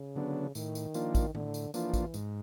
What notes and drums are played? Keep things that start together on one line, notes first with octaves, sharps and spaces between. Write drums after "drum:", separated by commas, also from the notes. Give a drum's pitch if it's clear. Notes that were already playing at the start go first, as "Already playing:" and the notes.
Already playing: C#3
D3 F#3 B3 D4
A2 D#3, drum: tambourine
drum: tambourine
F3 A#3 D4 F4, drum: tambourine
drum: kick A1, tambourine
A2 D3, drum: tom D#3
drum: tambourine
E3 F3 A#3 D4 F4, drum: tambourine
drum: kick A1, tambourine
G#2, drum: tambourine